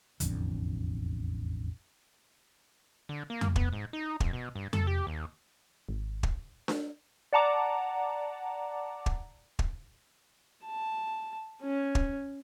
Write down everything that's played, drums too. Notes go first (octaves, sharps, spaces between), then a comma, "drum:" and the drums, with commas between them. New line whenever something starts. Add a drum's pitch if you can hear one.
E1 A1 F2 D3, drum: hi-hat
D3
A#3
drum: tom F2
B3, drum: kick
G#2
D#4
F2, drum: kick
B2
G2
A4, drum: tom F2
G4
D#2
G#1
drum: kick
drum: snare D4
D5 F#5 A5 A#5 D6
drum: kick
drum: kick
A5
C#4
drum: kick